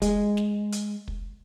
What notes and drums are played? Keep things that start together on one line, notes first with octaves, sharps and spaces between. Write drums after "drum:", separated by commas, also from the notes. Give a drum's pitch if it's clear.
G#3, drum: kick, hi-hat
drum: snare
drum: hi-hat
drum: kick